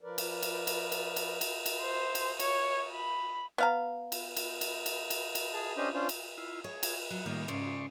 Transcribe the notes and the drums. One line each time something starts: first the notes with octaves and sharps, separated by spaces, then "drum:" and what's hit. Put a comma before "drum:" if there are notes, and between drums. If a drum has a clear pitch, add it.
F3 A#4 B4 D5
drum: cymbal
drum: cymbal
drum: cymbal
drum: cymbal
drum: cymbal
drum: cymbal
drum: cymbal
C5
drum: cymbal
C#5, drum: cymbal
B5
B3 F5 A#5
drum: cymbal
drum: cymbal
drum: cymbal
drum: cymbal
drum: cymbal
drum: cymbal
G#4 A5
C#4 D4 G4 C5 D#5 D#6
C#4 D4 F4 C5
drum: cymbal
E4 F4
G#4 C#5
drum: cymbal
F#3 F#4
A2 D#3 G3 A#3 C#5
G#2 C#3 D5 C6 C#6